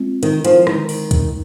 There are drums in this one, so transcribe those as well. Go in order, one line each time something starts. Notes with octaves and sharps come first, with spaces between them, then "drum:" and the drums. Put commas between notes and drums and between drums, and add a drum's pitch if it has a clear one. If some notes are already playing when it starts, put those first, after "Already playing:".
Already playing: G#3 C4 F4
D#3, drum: hi-hat
F3, drum: hi-hat
D3 D#3 G#3 D#4, drum: rim click
drum: open hi-hat
drum: kick, hi-hat